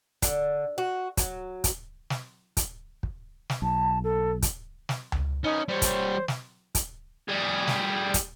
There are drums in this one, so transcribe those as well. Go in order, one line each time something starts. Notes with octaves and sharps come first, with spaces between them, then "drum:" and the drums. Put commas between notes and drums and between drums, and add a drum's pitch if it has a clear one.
D3, drum: kick, hi-hat
F#4
F#3, drum: kick, hi-hat
drum: kick, hi-hat
drum: snare
drum: kick, hi-hat
drum: kick
drum: snare
B1 A5
A4
drum: kick, hi-hat
drum: snare
drum: tom C#2
B3 C#4 D#4
G3 C5 C#5
drum: kick, hi-hat
drum: snare
drum: kick, hi-hat
G3 G#4
drum: snare
drum: kick, hi-hat